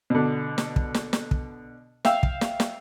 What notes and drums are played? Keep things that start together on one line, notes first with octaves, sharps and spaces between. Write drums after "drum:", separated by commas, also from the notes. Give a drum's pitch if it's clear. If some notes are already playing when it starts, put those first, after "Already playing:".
B2 D3
drum: snare
drum: kick
drum: snare
drum: snare
drum: kick
E5 F5 G5 E6, drum: snare
drum: kick
drum: snare
drum: snare